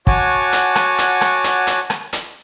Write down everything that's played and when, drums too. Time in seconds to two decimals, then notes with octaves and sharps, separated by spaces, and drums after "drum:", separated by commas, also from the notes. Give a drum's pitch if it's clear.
0.07 F#4 C#5 F#5 G#5 A5 D6, drum: kick
0.53 drum: hi-hat
0.75 drum: rim click
0.98 drum: hi-hat
1.21 drum: rim click
1.44 drum: hi-hat
1.67 drum: hi-hat
1.90 drum: rim click
2.13 drum: hi-hat